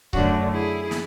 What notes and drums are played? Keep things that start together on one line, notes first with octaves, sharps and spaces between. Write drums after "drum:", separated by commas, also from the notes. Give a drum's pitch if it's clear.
F#2 D3 A3 D4 F#4, drum: kick C#1
E4 G#4
drum: snare